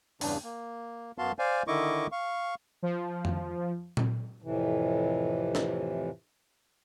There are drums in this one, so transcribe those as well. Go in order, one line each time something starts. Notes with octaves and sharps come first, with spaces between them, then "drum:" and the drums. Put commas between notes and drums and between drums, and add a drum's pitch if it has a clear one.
E2 G2 C#3 D4, drum: open hi-hat
A#3
F#2 B3 F#4 F5 A5 C6
C5 D5 F5 G#5
D3 D#3 E4 D#5 C#6 D6
F5 C#6
F3
drum: tom F2
drum: tom A#2
F2 A2 C3 E3
drum: snare